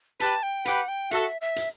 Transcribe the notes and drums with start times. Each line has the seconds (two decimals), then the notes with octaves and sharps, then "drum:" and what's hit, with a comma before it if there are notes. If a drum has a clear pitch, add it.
0.20 G4 B4 A5, drum: hi-hat
0.43 G5
0.65 G4 B4 F#5, drum: hi-hat
0.88 G5
1.11 F#4 A4 E5, drum: hi-hat
1.41 E5
1.56 drum: hi-hat